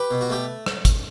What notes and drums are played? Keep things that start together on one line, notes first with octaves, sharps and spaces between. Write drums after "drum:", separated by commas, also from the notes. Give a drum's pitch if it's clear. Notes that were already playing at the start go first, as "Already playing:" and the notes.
Already playing: G4 B4
B2
F#4
A3 G4
drum: rim click
drum: kick, hi-hat